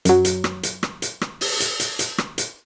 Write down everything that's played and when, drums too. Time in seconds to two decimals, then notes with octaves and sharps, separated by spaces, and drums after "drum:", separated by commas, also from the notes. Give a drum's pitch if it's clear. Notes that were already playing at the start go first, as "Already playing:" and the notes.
0.05 F#2 F#3, drum: hi-hat
0.25 drum: hi-hat
0.44 drum: rim click
0.63 drum: hi-hat
0.83 drum: rim click
1.02 drum: hi-hat
1.21 drum: rim click
1.41 drum: open hi-hat
1.60 drum: hi-hat
1.80 drum: hi-hat
1.99 drum: hi-hat
2.18 drum: rim click
2.38 drum: hi-hat